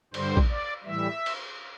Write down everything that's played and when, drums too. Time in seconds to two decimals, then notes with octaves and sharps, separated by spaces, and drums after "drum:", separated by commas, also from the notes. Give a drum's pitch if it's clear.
0.14 G2 D3 G3 C5, drum: cymbal
0.37 drum: kick
0.49 D5
0.84 A2 E3 G3 E5
1.26 drum: cymbal